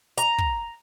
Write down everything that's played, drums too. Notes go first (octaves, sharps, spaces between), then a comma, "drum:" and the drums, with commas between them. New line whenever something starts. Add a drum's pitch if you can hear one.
A#5, drum: hi-hat
drum: kick